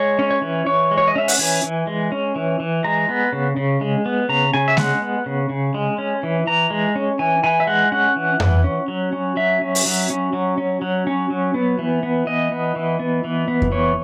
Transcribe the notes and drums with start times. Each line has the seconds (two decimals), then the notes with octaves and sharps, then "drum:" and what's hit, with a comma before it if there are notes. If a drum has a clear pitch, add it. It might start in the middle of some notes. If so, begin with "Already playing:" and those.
Already playing: G#3 C#5
0.19 C#4
0.31 C#5
0.42 E3
0.66 E3 C#5
0.91 G#3
0.98 C#5
1.08 D#5
1.15 C#4 E5
1.28 F#5, drum: open hi-hat
1.39 E3 G#5
1.64 E3
1.87 G#3
2.12 C#4
2.36 E3
2.60 E3
2.84 G#3 A#5
3.09 B3
3.33 C#3
3.57 C#3
3.81 G#3
4.06 B3
4.29 C#3 A#5
4.54 C#3 G#5
4.68 E5
4.77 G#3 F#5, drum: snare G#3
5.02 B3
5.26 C#3
5.50 C#3
5.74 G#3
5.98 C#4
6.23 E3
6.47 E3 A#5
6.70 G#3
6.96 C#4
7.19 E3 G#5
7.44 E3 G#5
7.60 E5
7.67 G#3 F#5
7.92 C#4 F#5
8.16 E3
8.40 E3, drum: tom F2
8.64 C#4
8.88 F#3
9.13 C#4
9.36 F#3 E5
9.61 C#4
9.75 drum: open hi-hat
9.85 F#3
10.10 C#4
10.33 F#3
10.58 C#4
10.82 F#3
11.07 C#4
11.30 F#3
11.54 B3
11.79 E3
12.03 B3
12.27 E3 D#5
12.52 B3
12.76 E3
13.00 B3
13.24 E3
13.48 B3
13.62 drum: kick F2
13.72 E3 C#5